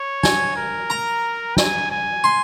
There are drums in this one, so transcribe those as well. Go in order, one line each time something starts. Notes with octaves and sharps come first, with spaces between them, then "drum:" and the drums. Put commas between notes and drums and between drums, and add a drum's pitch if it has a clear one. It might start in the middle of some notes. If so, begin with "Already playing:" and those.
Already playing: C#5
G#5, drum: snare
A#4
A#5
G#5, drum: snare
G#5
C6